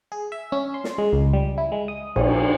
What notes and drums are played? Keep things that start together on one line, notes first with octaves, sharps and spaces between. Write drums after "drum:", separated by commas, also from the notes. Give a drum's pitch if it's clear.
G#4
E5
C#4
C6
drum: snare
G#3
C#2
G3
E4
G#3
D#6
A#1, drum: cymbal